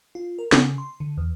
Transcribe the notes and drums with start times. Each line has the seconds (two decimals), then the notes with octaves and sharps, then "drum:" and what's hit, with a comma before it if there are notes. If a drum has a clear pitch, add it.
0.15 F4
0.39 A#4
0.52 C#3, drum: snare
0.78 C6
1.00 D3
1.17 E2